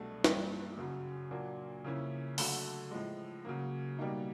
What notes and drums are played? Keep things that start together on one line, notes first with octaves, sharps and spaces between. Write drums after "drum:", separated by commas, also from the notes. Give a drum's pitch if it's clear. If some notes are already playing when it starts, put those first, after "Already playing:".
Already playing: C2 B2 F#3 A3 D4
G2 E3 G3 A#3, drum: snare
F#2 C#3 F#3
A#2 F#3 A#3 D4
C#3 F3 A#3 C#4 E4
D3 F#3 A3, drum: open hi-hat
A2 F3 G#3
C#3 F#3 A#3
B2 G3 A#3 D#4